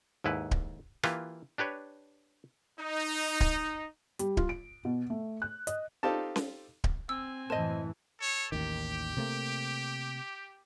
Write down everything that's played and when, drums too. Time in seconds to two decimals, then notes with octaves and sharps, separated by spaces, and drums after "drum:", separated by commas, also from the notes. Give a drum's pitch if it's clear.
0.24 D#2 G#2 E4 B4
0.51 drum: kick D1
1.03 E3 A#3 F4 G4 B4, drum: rim click
1.58 D4 G4 B4 C#5
2.80 D#4
3.41 drum: kick D1
4.19 G3, drum: hi-hat
4.37 F4, drum: kick D1
4.49 D7
4.85 B2
5.10 A3
5.42 F#6
5.67 D#5, drum: hi-hat
6.03 C4 D#4 F4 G4 A4 A5
6.36 drum: snare C#4
6.84 drum: kick D1
7.09 C4 G#5 E6
7.50 F#1 A2 E3 C5 D#5 A5
8.20 A4 C#5
8.52 A1 D#2 D#3 G4
9.17 C3 A3 A#3